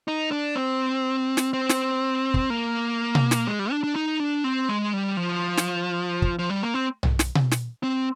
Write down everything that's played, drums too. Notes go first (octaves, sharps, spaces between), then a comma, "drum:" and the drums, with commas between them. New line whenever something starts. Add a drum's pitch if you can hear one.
D#4
D4
C4
drum: snare
C4
drum: snare
drum: kick
A#3
drum: tom B2
drum: snare
G#3
G3
D4
D4
D#4
D4
C4
G#3
G3
F3
drum: snare
drum: kick
F3
G3
A#3
C4
drum: tom B1
drum: snare
drum: tom B2
drum: snare
C4